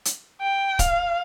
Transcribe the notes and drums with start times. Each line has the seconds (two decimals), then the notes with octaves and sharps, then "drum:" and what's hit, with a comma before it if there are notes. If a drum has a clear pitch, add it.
0.05 drum: hi-hat
0.42 G5
0.79 F5, drum: kick C#1, hi-hat